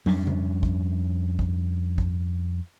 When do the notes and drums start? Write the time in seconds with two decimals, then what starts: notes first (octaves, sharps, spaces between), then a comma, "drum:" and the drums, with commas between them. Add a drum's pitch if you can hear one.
0.06 F2 G3 C#4 D4, drum: tom
0.27 drum: tom C#3
0.63 drum: kick
1.39 drum: kick
1.98 drum: kick